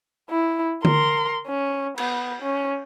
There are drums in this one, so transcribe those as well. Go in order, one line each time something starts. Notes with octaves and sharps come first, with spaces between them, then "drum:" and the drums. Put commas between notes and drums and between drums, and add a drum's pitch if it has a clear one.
E4
A#4 C6, drum: tom D3
C#4
B3, drum: cymbal
C#4